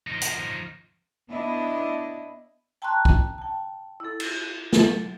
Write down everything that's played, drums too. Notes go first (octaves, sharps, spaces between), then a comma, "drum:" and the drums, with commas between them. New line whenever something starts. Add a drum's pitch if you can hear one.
F3 D#4
drum: hi-hat
B3 D4 E4 D#5
G5 A5 A#5 C6 C#6 F#6
drum: kick
G5 A5
E4 A4
drum: cymbal
F#3 A4, drum: snare